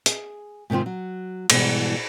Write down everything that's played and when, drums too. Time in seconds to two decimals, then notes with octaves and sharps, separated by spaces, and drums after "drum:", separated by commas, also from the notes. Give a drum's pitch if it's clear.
0.06 G#4, drum: hi-hat
0.70 G#2 C3 D#3 C4 F4
0.86 F#3
1.50 G#2 B2 D3 E3 G3, drum: cymbal